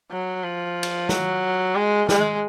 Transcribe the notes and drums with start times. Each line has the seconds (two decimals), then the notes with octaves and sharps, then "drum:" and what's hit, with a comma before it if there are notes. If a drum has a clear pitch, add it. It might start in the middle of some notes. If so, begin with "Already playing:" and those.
0.11 F#3
0.44 F3
0.83 drum: cymbal
1.09 F#3, drum: snare
1.75 G#3
2.09 G#3, drum: snare